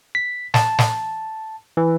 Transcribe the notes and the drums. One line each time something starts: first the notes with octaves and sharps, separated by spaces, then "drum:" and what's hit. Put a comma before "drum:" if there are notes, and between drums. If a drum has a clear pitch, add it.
B6
A5, drum: snare
drum: snare
E3